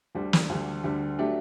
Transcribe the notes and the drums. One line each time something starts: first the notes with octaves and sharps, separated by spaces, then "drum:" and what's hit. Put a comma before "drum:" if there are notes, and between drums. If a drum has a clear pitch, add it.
D2 D3 G3
drum: snare
D2 D3 G3
D2 D3 G3
F#3 A3 D4 G4